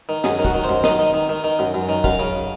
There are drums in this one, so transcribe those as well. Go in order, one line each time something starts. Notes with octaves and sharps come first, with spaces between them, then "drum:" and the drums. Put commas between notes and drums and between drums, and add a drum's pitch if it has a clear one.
D#3
F#2 G#4, drum: snare
D#3
F#4, drum: kick, tambourine
D#3
C5, drum: tambourine
F#2
D#3 D#5, drum: snare
D#3
D#3
D#3
D#3, drum: tambourine
F#2
F#2
D#3
F#2 F5, drum: kick, tambourine
C#3